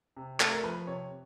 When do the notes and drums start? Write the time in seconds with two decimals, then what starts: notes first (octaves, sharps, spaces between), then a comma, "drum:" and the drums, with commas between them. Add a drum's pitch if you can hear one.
0.17 C3
0.40 A3 A4, drum: clap
0.52 A#4
0.63 F3 B4
0.87 C3 C#5